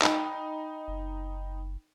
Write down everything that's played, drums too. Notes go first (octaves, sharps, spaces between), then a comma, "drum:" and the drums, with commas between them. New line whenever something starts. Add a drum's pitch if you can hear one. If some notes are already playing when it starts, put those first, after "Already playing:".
D#4 G5 B5, drum: clap
F#1